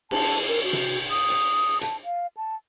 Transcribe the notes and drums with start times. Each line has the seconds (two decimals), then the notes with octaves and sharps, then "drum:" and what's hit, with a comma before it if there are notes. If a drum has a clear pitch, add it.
0.11 A5, drum: cymbal
0.48 A#4
0.64 F#4
0.73 drum: tom C3
1.10 D#6
1.30 drum: hi-hat
1.81 A5, drum: hi-hat
2.04 F5
2.37 A5